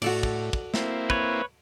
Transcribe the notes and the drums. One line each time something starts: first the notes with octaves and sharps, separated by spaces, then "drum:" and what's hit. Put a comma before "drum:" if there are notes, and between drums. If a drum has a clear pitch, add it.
A2 F#4 A4 D5, drum: cymbal
drum: kick
drum: kick
A#3 C4 E4, drum: snare
B4 C#5, drum: kick